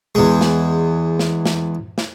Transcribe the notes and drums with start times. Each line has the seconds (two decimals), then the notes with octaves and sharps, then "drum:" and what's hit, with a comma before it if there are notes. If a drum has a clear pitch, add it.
0.15 E2 G#3
0.41 drum: snare
1.19 drum: snare
1.46 drum: snare
1.98 drum: snare